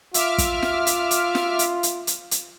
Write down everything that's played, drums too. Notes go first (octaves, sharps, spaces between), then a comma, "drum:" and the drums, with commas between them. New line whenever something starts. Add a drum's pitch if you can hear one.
F4 E5 D6 F6, drum: hi-hat
drum: kick, hi-hat
drum: snare
drum: hi-hat
drum: hi-hat
drum: snare
drum: hi-hat
drum: hi-hat
drum: hi-hat
drum: hi-hat